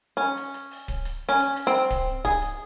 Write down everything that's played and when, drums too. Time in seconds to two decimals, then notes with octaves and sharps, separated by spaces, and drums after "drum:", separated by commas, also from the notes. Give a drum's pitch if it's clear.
0.17 C#4
0.37 drum: hi-hat
0.54 drum: hi-hat
0.71 drum: open hi-hat
0.88 drum: kick D1, hi-hat
1.05 drum: hi-hat
1.29 C#4
1.39 drum: hi-hat
1.56 drum: hi-hat
1.67 C4
1.91 drum: kick D1, hi-hat
2.25 G#4, drum: kick D1, hi-hat
2.42 drum: hi-hat